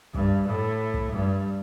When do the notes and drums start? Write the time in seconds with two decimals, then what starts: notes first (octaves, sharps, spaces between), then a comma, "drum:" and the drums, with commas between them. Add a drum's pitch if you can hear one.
0.14 G2, drum: kick
0.47 A2
0.94 drum: kick
1.12 G2